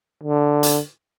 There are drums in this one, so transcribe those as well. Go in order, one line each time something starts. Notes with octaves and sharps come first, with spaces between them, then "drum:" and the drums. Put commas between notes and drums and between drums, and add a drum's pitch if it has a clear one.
D3
drum: hi-hat